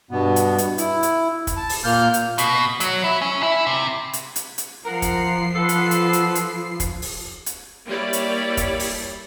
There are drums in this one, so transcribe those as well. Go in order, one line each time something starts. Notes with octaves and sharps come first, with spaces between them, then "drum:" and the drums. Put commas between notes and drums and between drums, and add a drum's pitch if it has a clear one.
G2 B2 B3
drum: hi-hat
drum: hi-hat
E4, drum: hi-hat
drum: hi-hat
drum: kick, hi-hat
A5
drum: open hi-hat
A#2 A#3 F6 G6
drum: hi-hat
B2, drum: hi-hat
F#3, drum: hi-hat
E4
C#4
E4
C3
drum: hi-hat
drum: hi-hat
drum: hi-hat
F3 A#4 F#5 A#5 C7
drum: kick, hi-hat
A4 B4 F#5
drum: hi-hat
drum: hi-hat
drum: hi-hat
drum: hi-hat
drum: kick, hi-hat
drum: open hi-hat
drum: hi-hat
G3 A#3 E4 C#5 D5 B5
drum: hi-hat
drum: kick, hi-hat
drum: open hi-hat